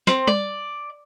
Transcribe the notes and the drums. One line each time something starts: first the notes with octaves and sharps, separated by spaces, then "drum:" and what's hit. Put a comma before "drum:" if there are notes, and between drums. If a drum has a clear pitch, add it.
C4, drum: snare
D5, drum: tom G3